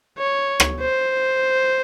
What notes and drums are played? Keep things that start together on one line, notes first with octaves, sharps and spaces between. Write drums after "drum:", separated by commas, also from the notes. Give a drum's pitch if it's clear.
C#5
drum: rim click
C5